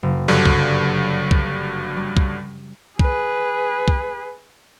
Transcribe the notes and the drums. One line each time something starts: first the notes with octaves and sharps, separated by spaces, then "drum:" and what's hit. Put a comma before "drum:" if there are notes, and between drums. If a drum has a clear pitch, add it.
F#1
G2 D3 F#3
drum: kick
drum: kick
G3
drum: kick
G#4 B4, drum: kick
drum: kick